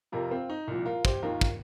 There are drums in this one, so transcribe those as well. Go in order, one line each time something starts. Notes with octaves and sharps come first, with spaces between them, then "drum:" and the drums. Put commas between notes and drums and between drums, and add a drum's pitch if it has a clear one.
F2 C3 F3 F4 A#4
C4 F4
D#4
C2 A#2 F3
F4 A#4
G4 C5, drum: kick
D#2 D#3 F4 A#4
drum: kick